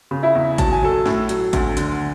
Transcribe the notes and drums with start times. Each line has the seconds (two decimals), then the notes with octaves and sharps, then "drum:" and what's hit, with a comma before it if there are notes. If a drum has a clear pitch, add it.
0.11 C#3
0.23 E4 E5
0.35 E2
0.58 F#3 A5, drum: kick G#1, hi-hat
0.72 G#5
0.83 F#3 A4 A5
1.06 A2, drum: snare
1.29 F#3, drum: hi-hat
1.53 D2, drum: kick G#1, hi-hat
1.77 D3, drum: hi-hat